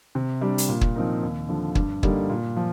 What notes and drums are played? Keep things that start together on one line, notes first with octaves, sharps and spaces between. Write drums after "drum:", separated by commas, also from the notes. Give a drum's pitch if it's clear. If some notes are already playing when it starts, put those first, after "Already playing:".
C3
G3 D4
drum: hi-hat
A#2
drum: kick
F3 C4 D#4 A#4
D#2
D3 F3
G2, drum: kick
D3 G3 A#3 D#4, drum: kick
A#2
F3